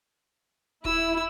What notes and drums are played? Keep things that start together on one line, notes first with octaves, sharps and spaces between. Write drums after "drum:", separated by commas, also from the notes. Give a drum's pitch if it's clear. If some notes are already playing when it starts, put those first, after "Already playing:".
E4 E6, drum: kick D#1